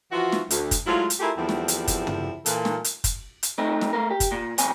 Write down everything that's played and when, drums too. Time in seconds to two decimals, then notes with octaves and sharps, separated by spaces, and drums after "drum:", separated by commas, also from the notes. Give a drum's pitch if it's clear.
0.12 E3 F3 F4 F#4
0.32 drum: snare
0.50 D2, drum: hi-hat
0.71 drum: kick, hi-hat
0.86 F#3 G#3 A3 E4 F4
1.10 drum: hi-hat
1.20 A3 E4 F4 G4 G#4 A#4
1.37 E2 D3 F3 G3 C4 E4
1.49 drum: snare
1.68 drum: hi-hat
1.88 drum: kick, hi-hat
2.07 drum: tom
2.46 A#2 E3 A4, drum: hi-hat
2.65 drum: snare
2.84 drum: hi-hat
3.04 drum: kick, hi-hat
3.43 drum: hi-hat
3.58 A3 C4 D#4
3.81 drum: snare
3.93 A3 A#4
4.10 G4
4.20 drum: kick, hi-hat
4.31 A#2 A#3
4.58 B1 E2 C4 G#5, drum: hi-hat